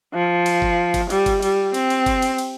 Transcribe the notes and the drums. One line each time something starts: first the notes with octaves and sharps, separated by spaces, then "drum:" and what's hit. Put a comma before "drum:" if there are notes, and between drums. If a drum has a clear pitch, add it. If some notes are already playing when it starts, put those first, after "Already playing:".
F3
drum: cymbal
drum: kick G1
drum: kick G1, cymbal
G3, drum: cymbal
drum: kick G1, cymbal
G3, drum: cymbal
C4, drum: cymbal
drum: cymbal
drum: kick G1, cymbal
drum: cymbal
drum: cymbal